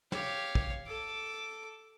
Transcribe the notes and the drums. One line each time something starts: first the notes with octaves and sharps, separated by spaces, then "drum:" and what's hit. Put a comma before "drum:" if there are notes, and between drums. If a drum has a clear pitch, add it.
G4 C#5 F5, drum: snare
drum: kick
A4 D6